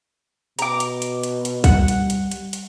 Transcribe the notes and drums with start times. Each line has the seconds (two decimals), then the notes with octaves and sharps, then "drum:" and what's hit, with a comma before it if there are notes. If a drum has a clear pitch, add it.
0.59 B2 A#5 D6, drum: hi-hat
0.80 drum: hi-hat
1.02 drum: hi-hat
1.23 drum: hi-hat
1.45 drum: hi-hat
1.64 G3 F#5, drum: kick, hi-hat
1.88 drum: hi-hat
2.10 drum: hi-hat
2.31 drum: hi-hat
2.53 drum: hi-hat